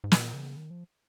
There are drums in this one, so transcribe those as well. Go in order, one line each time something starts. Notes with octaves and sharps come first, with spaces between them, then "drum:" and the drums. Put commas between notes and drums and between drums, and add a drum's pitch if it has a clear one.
G#2
A#2, drum: snare
C#3
D#3
F3